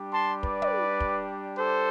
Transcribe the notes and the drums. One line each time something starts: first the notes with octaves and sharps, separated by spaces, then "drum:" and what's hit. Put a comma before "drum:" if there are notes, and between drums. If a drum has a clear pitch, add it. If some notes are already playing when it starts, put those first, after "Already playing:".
Already playing: G3 D4 G4
A5 C6
B4 D5, drum: kick
drum: tom
drum: kick
A4 C5